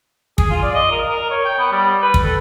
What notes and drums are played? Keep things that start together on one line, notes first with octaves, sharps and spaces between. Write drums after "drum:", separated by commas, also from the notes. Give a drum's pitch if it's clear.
G#4, drum: kick
F4
D5
D#5
A#4
A#4
C#5
G5
B3
G3
B4
drum: kick
A4